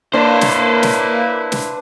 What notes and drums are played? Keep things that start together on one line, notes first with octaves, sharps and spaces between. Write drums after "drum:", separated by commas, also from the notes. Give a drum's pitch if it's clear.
A#3 D4 E4 B4 C5
drum: snare
drum: snare
drum: snare